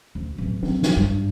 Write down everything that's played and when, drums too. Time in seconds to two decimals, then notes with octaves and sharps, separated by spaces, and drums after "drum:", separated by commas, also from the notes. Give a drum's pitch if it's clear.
0.15 D2
0.38 D1 E3
0.63 C4, drum: tom
0.83 drum: snare
0.97 G2